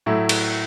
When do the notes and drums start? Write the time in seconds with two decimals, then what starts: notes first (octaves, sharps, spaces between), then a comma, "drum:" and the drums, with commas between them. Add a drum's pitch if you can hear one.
0.06 A2 F#3 A3 E4
0.29 drum: cymbal